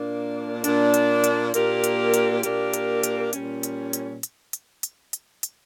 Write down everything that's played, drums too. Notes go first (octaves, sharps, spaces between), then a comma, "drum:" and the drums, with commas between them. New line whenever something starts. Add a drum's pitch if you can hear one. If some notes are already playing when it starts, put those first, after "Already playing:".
Already playing: A#2 A#3 D4
A#2 A#3 D4, drum: hi-hat
drum: hi-hat
drum: hi-hat
A#2 A#3 D4 G4 A#4, drum: hi-hat
drum: hi-hat
drum: hi-hat
A#2 A#3 D4 G4 A#4, drum: hi-hat
drum: hi-hat
drum: hi-hat
A#2 G3 C#4, drum: hi-hat
drum: hi-hat
drum: hi-hat
drum: hi-hat
drum: hi-hat
drum: hi-hat
drum: hi-hat
drum: hi-hat